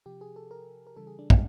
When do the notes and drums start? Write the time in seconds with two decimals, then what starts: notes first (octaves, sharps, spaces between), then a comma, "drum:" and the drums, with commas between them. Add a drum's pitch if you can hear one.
0.06 C3 F3 G4
0.21 G#4
0.36 A4
0.51 A#4
0.87 A#4
0.96 C#3 E3 G3 A4
1.07 G#4
1.19 D4
1.30 C#4, drum: kick